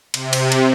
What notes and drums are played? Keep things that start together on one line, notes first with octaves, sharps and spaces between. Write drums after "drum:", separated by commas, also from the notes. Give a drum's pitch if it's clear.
C3, drum: cymbal
drum: cymbal
drum: cymbal